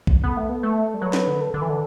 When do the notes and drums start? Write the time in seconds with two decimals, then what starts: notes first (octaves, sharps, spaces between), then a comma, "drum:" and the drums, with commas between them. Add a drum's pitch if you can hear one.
0.07 drum: kick
0.24 B3 A4
0.37 A3
0.49 B3
0.63 A3
0.94 G3
1.01 F#3 B4
1.13 drum: snare
1.27 D3
1.41 A4
1.54 D3
1.62 E3
1.70 D3